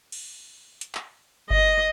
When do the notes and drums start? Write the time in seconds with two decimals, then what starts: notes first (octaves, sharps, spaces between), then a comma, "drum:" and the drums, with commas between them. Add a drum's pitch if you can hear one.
0.12 drum: cymbal
0.81 drum: hi-hat
0.95 drum: clap
1.50 D#5, drum: kick G1